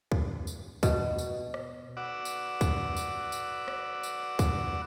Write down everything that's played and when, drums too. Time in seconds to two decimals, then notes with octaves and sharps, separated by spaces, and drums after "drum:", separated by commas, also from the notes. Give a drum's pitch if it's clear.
0.12 drum: kick
0.47 drum: tambourine
0.83 B2, drum: kick, tambourine
1.18 drum: tambourine
1.54 drum: rim click
1.97 F#4 B4 D5 F#5 D6 E6
2.25 drum: tambourine
2.61 drum: kick, tambourine
2.97 drum: tambourine
3.32 drum: tambourine
3.68 drum: rim click
4.03 drum: tambourine
4.39 drum: kick, tambourine